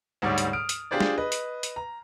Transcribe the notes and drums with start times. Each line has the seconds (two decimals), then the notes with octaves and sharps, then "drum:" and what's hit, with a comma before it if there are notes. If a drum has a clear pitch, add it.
0.22 D2 G#2 G3 C#5 D5
0.38 drum: hi-hat
0.53 D#6 F6 D7
0.69 drum: hi-hat
0.91 D4 F4 G4 G#4 C5 D5
1.00 drum: snare
1.18 B4 D#5
1.32 drum: hi-hat
1.63 drum: hi-hat
1.76 A#5